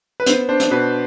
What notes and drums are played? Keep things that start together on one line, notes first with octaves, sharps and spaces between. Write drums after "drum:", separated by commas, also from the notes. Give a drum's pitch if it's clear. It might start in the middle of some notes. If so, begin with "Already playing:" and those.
B4
B3 C5, drum: hi-hat
D4 C5
drum: hi-hat
B2 B4